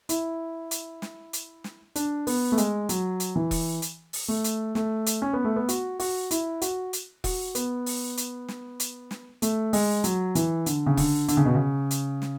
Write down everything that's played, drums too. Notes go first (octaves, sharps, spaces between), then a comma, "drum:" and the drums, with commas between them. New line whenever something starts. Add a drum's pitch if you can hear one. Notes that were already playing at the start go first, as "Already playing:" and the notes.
E4, drum: hi-hat
drum: hi-hat
drum: snare
drum: hi-hat
drum: snare
D4, drum: hi-hat
B3, drum: open hi-hat
A3
G#3, drum: hi-hat
F#3, drum: hi-hat
drum: hi-hat
E3
drum: kick E1, open hi-hat
drum: hi-hat
drum: open hi-hat
A3
drum: hi-hat
A3, drum: snare
drum: hi-hat
C#4
B3
A3
B3
F#4, drum: hi-hat
F#4, drum: open hi-hat
E4, drum: hi-hat
F#4, drum: hi-hat
drum: hi-hat
F#4, drum: kick E1, open hi-hat
B3, drum: hi-hat
drum: open hi-hat
drum: hi-hat
drum: snare
drum: hi-hat
drum: snare
A3, drum: hi-hat
G#3, drum: open hi-hat
F#3, drum: hi-hat
E3, drum: hi-hat
D3, drum: hi-hat
C#3
D3, drum: kick E1, open hi-hat
D3, drum: hi-hat
C#3
B2
C#3
drum: hi-hat
drum: snare